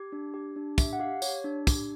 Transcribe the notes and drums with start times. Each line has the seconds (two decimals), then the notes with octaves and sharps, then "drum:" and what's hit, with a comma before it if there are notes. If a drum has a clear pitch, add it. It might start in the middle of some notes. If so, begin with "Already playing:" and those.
Already playing: G4
0.12 D4
0.34 G4
0.56 D4
0.78 G4 E5, drum: kick, tambourine
0.93 F#5
1.00 G4 F5
1.22 G4 C#5, drum: tambourine
1.44 D4
1.67 G4, drum: kick, tambourine